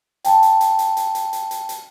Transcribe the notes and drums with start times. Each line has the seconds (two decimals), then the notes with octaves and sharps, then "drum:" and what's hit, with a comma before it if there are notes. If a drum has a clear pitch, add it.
0.25 G5 A5, drum: hi-hat
0.43 drum: hi-hat
0.61 drum: hi-hat
0.79 drum: hi-hat
0.97 drum: hi-hat
1.15 drum: hi-hat
1.33 drum: hi-hat
1.51 drum: hi-hat
1.69 drum: hi-hat